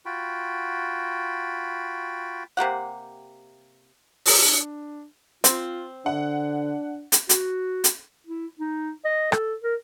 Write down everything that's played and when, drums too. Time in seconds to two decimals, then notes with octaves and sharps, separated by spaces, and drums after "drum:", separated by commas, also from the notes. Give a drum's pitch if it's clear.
0.06 F4 F#4 G5 B5
2.57 C3 A#3 G4 F#5
4.26 drum: open hi-hat
4.38 D4
5.44 C4 F4, drum: hi-hat
6.06 D3 D4 F#5
7.12 drum: hi-hat
7.29 F#4, drum: hi-hat
7.84 drum: hi-hat
8.27 E4
8.60 D#4
9.05 D#5
9.32 A4, drum: rim click
9.63 A#4